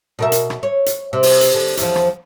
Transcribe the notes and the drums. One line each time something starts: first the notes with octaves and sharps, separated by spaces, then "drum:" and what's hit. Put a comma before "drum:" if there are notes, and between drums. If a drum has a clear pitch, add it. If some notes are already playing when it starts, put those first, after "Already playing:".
B2 A#4 E5
drum: hi-hat
drum: rim click
C#5
drum: hi-hat
C3
drum: open hi-hat
drum: hi-hat
D3
E2 F3, drum: hi-hat
drum: rim click